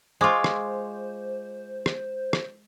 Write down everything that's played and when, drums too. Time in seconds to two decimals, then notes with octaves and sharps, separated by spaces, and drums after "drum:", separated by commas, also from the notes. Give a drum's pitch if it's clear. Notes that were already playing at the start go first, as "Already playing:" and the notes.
0.21 G#3 F4 C5 C#6 D6 G#6
0.44 drum: rim click
1.86 drum: rim click
2.33 drum: rim click